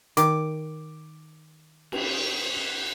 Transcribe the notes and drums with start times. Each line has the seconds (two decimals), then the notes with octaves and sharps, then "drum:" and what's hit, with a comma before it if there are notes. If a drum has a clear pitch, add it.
0.17 D#3 D6, drum: hi-hat
1.92 drum: cymbal